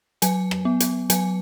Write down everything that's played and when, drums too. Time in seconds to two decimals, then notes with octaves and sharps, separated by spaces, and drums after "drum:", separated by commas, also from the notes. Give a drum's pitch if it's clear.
0.22 F#3 G#5, drum: hi-hat
0.51 drum: rim click
0.65 B3
0.80 drum: hi-hat
1.10 F#3 G#5, drum: hi-hat